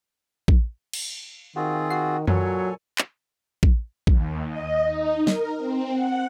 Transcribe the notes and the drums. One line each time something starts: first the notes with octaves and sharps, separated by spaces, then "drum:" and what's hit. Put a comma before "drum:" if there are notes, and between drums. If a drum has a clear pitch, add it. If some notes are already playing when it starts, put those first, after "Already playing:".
drum: kick
drum: cymbal
D#3 C4 F4 F#4 G#4
F#4 C7
F#2 A#2 F#3 A4 C#5 G#5, drum: tom D#3
drum: clap
drum: kick
D#2, drum: kick
D#5
D#4
A#4, drum: snare
C4
F#5